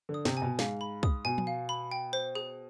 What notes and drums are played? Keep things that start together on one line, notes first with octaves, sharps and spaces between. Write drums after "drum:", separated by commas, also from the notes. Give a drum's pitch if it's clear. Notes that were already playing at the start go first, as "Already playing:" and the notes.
D3
D#6
C3, drum: snare
G#5
B2
G#2 F5, drum: snare
B5
D#6, drum: kick
B2 G#5
drum: tom F3
F5
B5
G5
C5
G#4